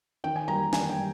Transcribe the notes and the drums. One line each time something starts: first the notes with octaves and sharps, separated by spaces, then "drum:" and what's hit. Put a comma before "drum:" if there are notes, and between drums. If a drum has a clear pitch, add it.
D#3 G5
G#5
G3 A#3 A#5
D#3 G#5, drum: snare
G5
G3